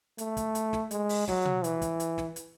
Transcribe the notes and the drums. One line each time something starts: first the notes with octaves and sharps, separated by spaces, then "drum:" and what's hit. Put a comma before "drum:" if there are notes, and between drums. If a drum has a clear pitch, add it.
A3, drum: hi-hat
drum: kick, hi-hat
drum: hi-hat
drum: snare
G#3, drum: hi-hat
drum: open hi-hat
F#3, drum: snare
drum: tom B2
E3, drum: hi-hat
drum: kick, hi-hat
drum: hi-hat
drum: snare
drum: hi-hat